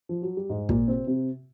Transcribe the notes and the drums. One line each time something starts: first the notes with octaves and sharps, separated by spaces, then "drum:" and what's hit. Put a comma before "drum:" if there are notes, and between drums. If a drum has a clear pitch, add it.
F3
F#3
G3
G#2 G#3
A#2 A#3, drum: kick
C3 C4
C3 C4